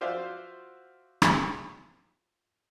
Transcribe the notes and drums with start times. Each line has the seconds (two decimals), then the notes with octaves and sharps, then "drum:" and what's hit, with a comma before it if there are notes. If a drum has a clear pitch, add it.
0.01 F4 F#4 C5 D5 E5 F5
1.22 drum: rim click